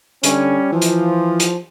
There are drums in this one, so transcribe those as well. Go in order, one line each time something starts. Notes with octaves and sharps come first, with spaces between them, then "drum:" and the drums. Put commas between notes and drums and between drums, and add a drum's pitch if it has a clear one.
D3 G3 C#4, drum: hi-hat
E3 F3
drum: hi-hat
drum: hi-hat